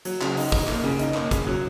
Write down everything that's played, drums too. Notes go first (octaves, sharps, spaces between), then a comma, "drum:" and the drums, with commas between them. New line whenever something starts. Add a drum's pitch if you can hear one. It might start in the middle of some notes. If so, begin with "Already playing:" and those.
F#3, drum: hi-hat
C#3, drum: clap
D#4, drum: open hi-hat
D#4, drum: kick
A#3, drum: clap
C#3
D#4, drum: hi-hat
A#3, drum: clap
C#3, drum: kick, hi-hat
F#3